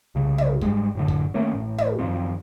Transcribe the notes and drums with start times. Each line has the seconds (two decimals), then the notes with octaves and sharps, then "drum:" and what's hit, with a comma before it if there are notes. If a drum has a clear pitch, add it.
0.15 C2 C#3
0.38 drum: tom
0.61 G#2 G3 G#3, drum: kick
0.95 F#2 A2 D3
1.08 drum: kick
1.34 D#3 A3 A#3 C#4
1.53 A1 A2
1.78 drum: tom
1.99 F#2 D#3 F3 C4